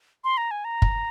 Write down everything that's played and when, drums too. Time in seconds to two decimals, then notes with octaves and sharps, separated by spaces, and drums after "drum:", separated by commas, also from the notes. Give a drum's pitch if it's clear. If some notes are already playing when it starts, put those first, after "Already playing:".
0.24 C6
0.37 A#5
0.51 G#5
0.65 A#5
0.82 drum: kick F#1